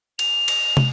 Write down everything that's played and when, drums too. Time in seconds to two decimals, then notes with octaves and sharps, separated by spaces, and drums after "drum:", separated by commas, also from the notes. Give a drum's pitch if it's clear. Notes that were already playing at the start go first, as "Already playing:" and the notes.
0.19 F7, drum: cymbal
0.48 drum: cymbal
0.77 drum: tom